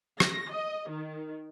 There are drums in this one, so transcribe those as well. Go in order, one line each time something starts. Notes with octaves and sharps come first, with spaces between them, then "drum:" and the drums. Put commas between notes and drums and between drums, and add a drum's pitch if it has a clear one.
A#6, drum: rim click
D#5
D#3